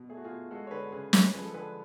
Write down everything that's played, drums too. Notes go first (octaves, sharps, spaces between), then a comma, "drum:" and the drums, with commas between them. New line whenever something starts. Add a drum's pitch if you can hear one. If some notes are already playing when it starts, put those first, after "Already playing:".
Already playing: B2
A3 G#4
F#4
F4 G#4
B2
G#3 F#4 A4
C#5
D3 G#4 B4
C#3 G#4 B4
G#3, drum: snare
F3 G#4 B4
A4
D3 G#4 B4